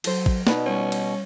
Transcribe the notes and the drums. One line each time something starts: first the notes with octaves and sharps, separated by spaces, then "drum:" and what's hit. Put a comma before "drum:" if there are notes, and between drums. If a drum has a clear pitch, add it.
F#3 A4 C5, drum: cymbal
drum: kick
B2 D#4 B4 D5, drum: snare
G3 C#4
drum: cymbal